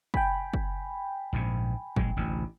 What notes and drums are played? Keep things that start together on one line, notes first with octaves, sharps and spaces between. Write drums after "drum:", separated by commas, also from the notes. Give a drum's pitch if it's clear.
G5 G#5 B5, drum: kick F#1
drum: kick F#1
A#1 G#2 C3
A#1 F#3 G#3, drum: kick F#1
A1 D2 C3